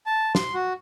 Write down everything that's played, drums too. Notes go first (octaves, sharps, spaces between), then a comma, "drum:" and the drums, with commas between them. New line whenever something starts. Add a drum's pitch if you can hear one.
A5
C6, drum: snare
F#4